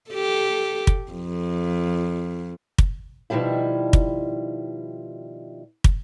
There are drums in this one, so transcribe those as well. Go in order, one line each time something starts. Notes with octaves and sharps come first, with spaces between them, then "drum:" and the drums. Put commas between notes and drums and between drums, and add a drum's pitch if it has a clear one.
G4 A4
drum: kick
F2
drum: kick
B2 D#3 F3 G3 E4
drum: kick
drum: kick